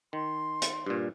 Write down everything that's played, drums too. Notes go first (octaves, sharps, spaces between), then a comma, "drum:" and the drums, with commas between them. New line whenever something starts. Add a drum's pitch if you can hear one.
D#3 C6
drum: hi-hat
G2 A#2